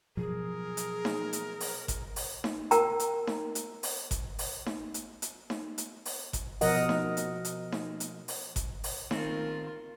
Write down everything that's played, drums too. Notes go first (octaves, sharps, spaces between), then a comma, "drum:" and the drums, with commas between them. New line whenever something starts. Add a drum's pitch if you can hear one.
B2 F3 F#3 G#4 A#4
drum: hi-hat
drum: snare D#4
drum: hi-hat
drum: open hi-hat
drum: kick G1, hi-hat
drum: open hi-hat
drum: snare D#4
A#4 G5 A#5, drum: hi-hat
drum: hi-hat
drum: snare D#4
drum: hi-hat
drum: open hi-hat
drum: kick G1, hi-hat
drum: open hi-hat
drum: snare D#4
drum: hi-hat
drum: hi-hat
drum: snare D#4
drum: hi-hat
drum: open hi-hat
drum: kick G1, hi-hat
B2 F3 A#4 D#5 F#5, drum: open hi-hat
drum: snare D#4
drum: hi-hat
drum: hi-hat
drum: snare D#4
drum: hi-hat
drum: open hi-hat
drum: kick G1, hi-hat
drum: open hi-hat
D#3 C4 F4 A#4, drum: snare D#4